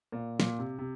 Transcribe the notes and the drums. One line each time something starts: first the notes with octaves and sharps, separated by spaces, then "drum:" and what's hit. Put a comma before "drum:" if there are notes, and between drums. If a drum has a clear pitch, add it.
A#2
A#2, drum: snare
C3
C3